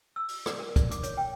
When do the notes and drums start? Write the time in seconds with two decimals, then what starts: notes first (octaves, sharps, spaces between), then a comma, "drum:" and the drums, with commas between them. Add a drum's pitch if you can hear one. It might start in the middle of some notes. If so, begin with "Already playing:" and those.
0.16 E6
0.28 drum: open hi-hat
0.46 D5, drum: rim click
0.59 A#4
0.76 D5, drum: kick, hi-hat
0.91 D6, drum: hi-hat
1.03 C#5, drum: hi-hat
1.17 G5